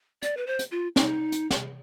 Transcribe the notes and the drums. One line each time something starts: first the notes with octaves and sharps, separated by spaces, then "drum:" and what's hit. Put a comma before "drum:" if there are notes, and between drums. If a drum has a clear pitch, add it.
D5, drum: hi-hat
B4
C5
drum: hi-hat
F4
D#4, drum: snare
drum: hi-hat
drum: snare